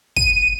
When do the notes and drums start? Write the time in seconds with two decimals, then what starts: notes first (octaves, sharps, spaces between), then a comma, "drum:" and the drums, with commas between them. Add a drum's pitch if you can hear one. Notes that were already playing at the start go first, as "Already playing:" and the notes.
0.16 D#7, drum: kick